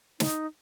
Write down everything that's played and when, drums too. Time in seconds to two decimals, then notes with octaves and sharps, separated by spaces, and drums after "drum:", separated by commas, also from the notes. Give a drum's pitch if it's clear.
0.20 D#4, drum: snare